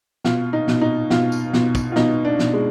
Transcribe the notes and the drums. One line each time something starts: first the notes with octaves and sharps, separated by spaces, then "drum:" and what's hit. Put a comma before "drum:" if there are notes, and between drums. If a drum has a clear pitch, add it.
B2 F4, drum: snare
D#4
B2, drum: snare
D#4
B2 F4, drum: snare
drum: tambourine
B2 F4, drum: snare
drum: kick, tambourine
F4
B2 D#4, drum: snare
D4
B2, drum: snare
G#3